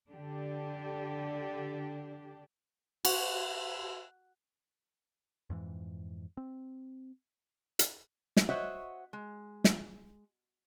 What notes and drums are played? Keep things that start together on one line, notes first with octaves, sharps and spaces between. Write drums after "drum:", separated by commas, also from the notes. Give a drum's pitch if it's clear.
D3 D4 G4
F#4, drum: cymbal
F2 G#2 E3
C4
drum: hi-hat
drum: snare
F#4 C5 C#5 D#5 E5 F#5
G#3
drum: snare